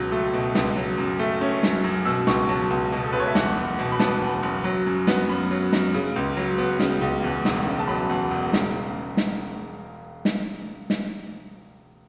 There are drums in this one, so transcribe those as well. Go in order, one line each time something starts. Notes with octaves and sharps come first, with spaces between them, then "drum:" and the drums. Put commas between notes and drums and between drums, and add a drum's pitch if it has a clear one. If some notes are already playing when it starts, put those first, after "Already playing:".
Already playing: C#2 B2 F#3
A3
B2
C#2, drum: snare
F#3
F#2
A3
C#4
F#3, drum: snare
F#2
B2 E6
C#2 C#6, drum: snare
F#3 A5
C#2
B2
A4
C#2 B4
C#5
E5
E2 F#5, drum: snare
F#1
B2
B5
B3 A5, drum: snare
E2
F#1
F#3
F#2
B3, drum: snare
F#2 B5
F#3
F#2, drum: snare
C#3
C#2
F#3
B3
C#3, drum: snare
C#2
E2
E1, drum: snare
C#3
A5
F#3 B5
E2
E1
C#3, drum: snare
drum: snare
drum: snare
drum: snare